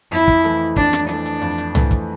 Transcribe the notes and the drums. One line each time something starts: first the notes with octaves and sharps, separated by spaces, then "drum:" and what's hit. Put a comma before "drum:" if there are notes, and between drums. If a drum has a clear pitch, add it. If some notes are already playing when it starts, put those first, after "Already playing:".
F2 E4, drum: hi-hat
drum: kick, hi-hat
E3 A3, drum: hi-hat
F2 D4, drum: kick, hi-hat
drum: snare
E3 A3 D4, drum: hi-hat
drum: hi-hat
F2, drum: hi-hat
drum: hi-hat
E3 A3, drum: tom C2
drum: kick, hi-hat